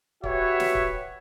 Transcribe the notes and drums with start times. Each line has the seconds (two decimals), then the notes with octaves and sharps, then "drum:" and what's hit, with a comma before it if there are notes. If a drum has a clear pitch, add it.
0.24 F#4 G4 B4 C#5 E5, drum: kick
0.60 drum: snare
0.75 drum: kick